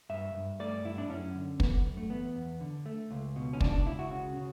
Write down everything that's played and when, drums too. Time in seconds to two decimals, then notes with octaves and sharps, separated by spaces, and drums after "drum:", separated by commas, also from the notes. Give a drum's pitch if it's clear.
0.09 G2 E5
0.34 G2
0.60 A3 D5
0.85 G2 E4
0.98 D4
1.10 F#2 C#4
1.35 D3
1.60 D3 B3, drum: kick
1.85 F#2
1.97 A3
2.10 E2 B3
2.35 E2
2.61 D3
2.86 A3
3.11 C#2
3.36 B2
3.53 C#4
3.61 C#2 D4, drum: kick
3.73 D4
3.86 C#2 E4
3.99 F#4
4.11 C#3
4.37 C#3